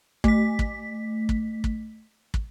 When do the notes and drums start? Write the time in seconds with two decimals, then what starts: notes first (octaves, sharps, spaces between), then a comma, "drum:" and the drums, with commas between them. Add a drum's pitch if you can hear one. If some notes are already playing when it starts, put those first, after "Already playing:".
0.24 A3 B6, drum: kick
0.59 drum: kick
1.29 drum: kick
1.64 drum: kick
2.34 drum: kick